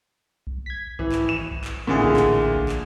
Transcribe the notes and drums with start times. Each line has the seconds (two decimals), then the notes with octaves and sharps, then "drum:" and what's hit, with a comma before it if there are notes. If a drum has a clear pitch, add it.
0.47 drum: kick A#1
0.66 G#6 B6
0.99 G#1 E3, drum: kick A#1
1.12 drum: clap
1.29 E7
1.51 drum: kick A#1
1.64 drum: clap
1.87 A1 A#2 D3 E4 G#4
2.04 drum: kick A#1
2.17 drum: clap
2.56 drum: kick A#1
2.69 drum: clap